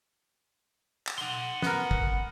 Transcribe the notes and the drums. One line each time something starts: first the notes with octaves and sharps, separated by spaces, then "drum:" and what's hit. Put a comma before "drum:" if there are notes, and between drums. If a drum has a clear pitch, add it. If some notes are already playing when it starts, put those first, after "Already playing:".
drum: clap
F#5 C6, drum: tambourine
B3 A#4, drum: snare
drum: kick